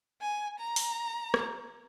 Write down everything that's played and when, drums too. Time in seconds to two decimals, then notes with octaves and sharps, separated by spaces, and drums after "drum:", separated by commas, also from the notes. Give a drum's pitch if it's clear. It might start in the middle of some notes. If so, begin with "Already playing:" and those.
0.21 G#5
0.60 A#5
0.76 drum: open hi-hat
1.34 drum: rim click